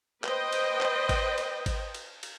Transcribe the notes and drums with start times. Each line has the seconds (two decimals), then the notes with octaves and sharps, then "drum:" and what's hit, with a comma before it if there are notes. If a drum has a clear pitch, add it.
0.24 B4 C5 D#5 G5, drum: clap
0.53 drum: cymbal
0.81 drum: clap
1.09 drum: kick G#1, cymbal
1.38 drum: cymbal
1.66 drum: kick G#1, cymbal
1.95 drum: cymbal
2.23 drum: cymbal